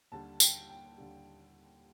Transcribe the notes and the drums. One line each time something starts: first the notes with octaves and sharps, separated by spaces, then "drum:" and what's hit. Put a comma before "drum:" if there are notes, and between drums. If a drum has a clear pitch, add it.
D#2 D3 G3 A5
G5, drum: tambourine
G5
D#2 D3 G3